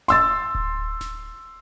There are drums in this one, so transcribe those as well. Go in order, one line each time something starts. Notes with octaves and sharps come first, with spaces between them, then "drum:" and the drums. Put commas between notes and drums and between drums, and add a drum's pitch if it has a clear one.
C6 E6 A6, drum: snare D1
drum: kick D1
drum: snare D1